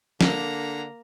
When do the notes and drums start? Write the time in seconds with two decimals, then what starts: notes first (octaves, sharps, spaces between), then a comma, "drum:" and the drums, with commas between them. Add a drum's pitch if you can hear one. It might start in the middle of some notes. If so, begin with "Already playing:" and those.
0.21 D3 A#3 A#5, drum: snare